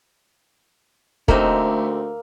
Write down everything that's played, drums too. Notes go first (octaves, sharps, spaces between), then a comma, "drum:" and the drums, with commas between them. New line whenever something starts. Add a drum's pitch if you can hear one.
D2 A3 A#3 C4 D#4 C5 E5, drum: kick